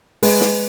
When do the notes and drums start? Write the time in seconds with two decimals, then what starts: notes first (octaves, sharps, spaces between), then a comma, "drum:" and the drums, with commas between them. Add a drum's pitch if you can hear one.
0.23 G#3 B4, drum: open hi-hat
0.41 drum: snare